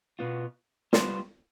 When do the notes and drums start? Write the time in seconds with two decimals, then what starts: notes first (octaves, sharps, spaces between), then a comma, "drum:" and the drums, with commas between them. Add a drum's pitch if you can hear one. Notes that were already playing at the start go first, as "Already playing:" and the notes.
0.19 B2 B3 F4
0.93 G3 B3 F4 C5, drum: snare